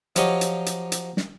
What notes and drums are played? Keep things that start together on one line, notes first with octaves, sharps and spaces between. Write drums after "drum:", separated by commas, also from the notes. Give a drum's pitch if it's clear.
F3 F#3 F4 G4 C#5 D#5, drum: hi-hat
drum: hi-hat
drum: hi-hat
drum: hi-hat
drum: snare